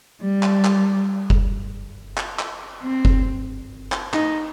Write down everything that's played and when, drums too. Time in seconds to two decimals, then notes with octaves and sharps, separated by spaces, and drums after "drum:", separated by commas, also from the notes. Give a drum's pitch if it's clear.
0.21 G3
0.43 drum: clap
0.65 drum: clap
1.30 drum: kick F#1
2.17 drum: clap
2.39 drum: clap
2.82 C4
3.05 drum: kick F#1
3.92 drum: clap
4.14 D#4, drum: clap